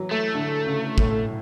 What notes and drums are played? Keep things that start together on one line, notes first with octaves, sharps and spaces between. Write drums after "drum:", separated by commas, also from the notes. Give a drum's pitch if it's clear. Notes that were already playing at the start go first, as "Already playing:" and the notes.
Already playing: E3 F#3
A3
D3
C#3
A2, drum: kick